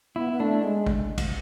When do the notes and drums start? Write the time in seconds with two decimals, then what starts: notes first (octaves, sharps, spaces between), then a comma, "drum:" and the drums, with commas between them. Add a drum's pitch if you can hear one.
0.16 B3 E4
0.32 B3
0.40 A3 D4
0.63 G#3
0.87 drum: kick G#1
1.18 drum: kick G#1, cymbal